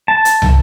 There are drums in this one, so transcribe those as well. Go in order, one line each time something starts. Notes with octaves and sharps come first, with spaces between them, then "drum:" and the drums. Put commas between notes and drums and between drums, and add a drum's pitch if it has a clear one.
A5
drum: hi-hat
drum: tom